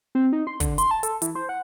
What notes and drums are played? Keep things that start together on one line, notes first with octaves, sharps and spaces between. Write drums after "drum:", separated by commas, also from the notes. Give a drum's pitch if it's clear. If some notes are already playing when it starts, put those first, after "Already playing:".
C4
D#4
C6
D3, drum: kick, hi-hat
C6, drum: hi-hat
A5
A4, drum: hi-hat
E3, drum: hi-hat
C5
F#5